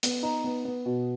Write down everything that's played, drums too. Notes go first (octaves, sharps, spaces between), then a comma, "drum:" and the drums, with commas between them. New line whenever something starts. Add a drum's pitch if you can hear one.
B3, drum: hi-hat
D#4
B3
B3
B2